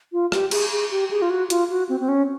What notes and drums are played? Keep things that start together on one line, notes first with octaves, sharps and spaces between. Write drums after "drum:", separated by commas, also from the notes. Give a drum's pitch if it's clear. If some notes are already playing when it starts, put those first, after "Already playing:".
F4
G4, drum: rim click
G#4, drum: cymbal
G#4
G4
G#4
F4
F#4
F4, drum: hi-hat
F#4
C4
C4
C#4